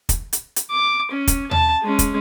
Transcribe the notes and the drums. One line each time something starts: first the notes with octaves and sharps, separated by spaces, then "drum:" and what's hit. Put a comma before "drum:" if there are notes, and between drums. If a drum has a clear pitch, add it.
drum: kick, hi-hat
drum: hi-hat
drum: hi-hat
D6
C#4
drum: kick, hi-hat
A5, drum: tom D#2
G#3 C#4
drum: kick, hi-hat